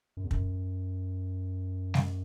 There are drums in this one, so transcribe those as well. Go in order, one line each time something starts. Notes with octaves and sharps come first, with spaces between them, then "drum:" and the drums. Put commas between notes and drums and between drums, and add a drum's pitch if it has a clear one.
F#2
E2
F#2, drum: kick
drum: snare